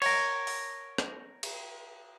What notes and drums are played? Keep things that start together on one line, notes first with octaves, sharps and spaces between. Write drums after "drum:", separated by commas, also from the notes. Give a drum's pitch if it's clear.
A#4 C#5, drum: cymbal
drum: open hi-hat
drum: rim click
drum: cymbal